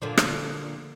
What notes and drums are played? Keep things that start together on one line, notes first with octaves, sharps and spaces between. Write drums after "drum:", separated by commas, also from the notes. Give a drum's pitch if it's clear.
A#2 D3 F3
drum: rim click